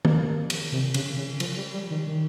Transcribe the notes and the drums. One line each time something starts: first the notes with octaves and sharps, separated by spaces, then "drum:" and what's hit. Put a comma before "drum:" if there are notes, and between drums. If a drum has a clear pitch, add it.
A#3, drum: tom D#3
drum: cymbal
C3
C#3, drum: cymbal
C#3
F3, drum: cymbal
G3
G3
D#3
D#3